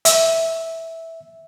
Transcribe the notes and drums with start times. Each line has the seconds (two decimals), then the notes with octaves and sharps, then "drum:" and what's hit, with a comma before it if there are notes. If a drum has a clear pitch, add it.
0.05 E5, drum: hi-hat